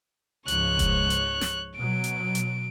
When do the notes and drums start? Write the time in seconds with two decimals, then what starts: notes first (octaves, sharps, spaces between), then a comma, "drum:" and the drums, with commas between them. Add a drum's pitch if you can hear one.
0.48 C#2 G#2 F3 C#5 F#6, drum: hi-hat
0.79 drum: kick E1, hi-hat
1.10 drum: hi-hat
1.41 drum: snare
1.76 B2 F#3 D7
2.04 drum: hi-hat
2.35 drum: hi-hat